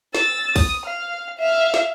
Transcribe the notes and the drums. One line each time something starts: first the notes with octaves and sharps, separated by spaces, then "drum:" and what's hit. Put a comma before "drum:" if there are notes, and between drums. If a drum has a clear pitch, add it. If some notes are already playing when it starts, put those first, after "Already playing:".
E6 A6, drum: snare
D#6, drum: kick, open hi-hat
F5
E5 F5
drum: snare